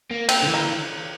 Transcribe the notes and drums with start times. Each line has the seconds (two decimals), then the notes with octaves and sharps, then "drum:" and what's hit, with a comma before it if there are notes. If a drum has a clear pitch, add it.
0.11 A#3
0.29 C4, drum: cymbal
0.42 D3
0.47 E3
0.54 A#3